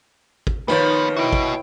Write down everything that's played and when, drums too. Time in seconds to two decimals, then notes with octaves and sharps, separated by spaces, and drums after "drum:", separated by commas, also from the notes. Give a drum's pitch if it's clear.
0.47 drum: kick
0.68 D#3 F3 B3 B4 C#5, drum: snare
1.17 E4 F#4 D#5 G5
1.33 drum: kick